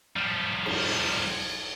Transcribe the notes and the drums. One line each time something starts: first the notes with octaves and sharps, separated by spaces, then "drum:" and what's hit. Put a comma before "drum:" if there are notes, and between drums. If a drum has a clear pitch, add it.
F3 G3
drum: cymbal